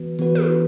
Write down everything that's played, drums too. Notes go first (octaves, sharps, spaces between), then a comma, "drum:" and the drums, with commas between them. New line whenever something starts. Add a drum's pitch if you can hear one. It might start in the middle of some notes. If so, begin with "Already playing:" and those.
Already playing: E3 B3 F#4 B4
E3 B3 F#4 B4, drum: hi-hat
drum: tom